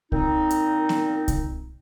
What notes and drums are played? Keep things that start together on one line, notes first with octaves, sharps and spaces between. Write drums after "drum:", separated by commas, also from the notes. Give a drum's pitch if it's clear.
A#2 C4 D#4, drum: kick C2
drum: hi-hat
drum: snare B3
drum: kick C2, hi-hat